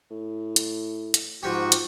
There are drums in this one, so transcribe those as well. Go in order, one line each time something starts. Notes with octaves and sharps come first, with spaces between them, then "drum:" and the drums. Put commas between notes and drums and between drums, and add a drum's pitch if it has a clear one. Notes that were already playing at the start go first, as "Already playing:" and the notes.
A2
drum: hi-hat
drum: hi-hat
G#2 F3 F#4 G4 C#6
drum: hi-hat